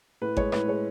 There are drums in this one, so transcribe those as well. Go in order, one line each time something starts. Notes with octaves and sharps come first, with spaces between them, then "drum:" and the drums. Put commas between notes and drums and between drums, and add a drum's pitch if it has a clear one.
A2 B4
G#3 C#5, drum: kick G#1
A2 B4, drum: rim click
G#3 C#5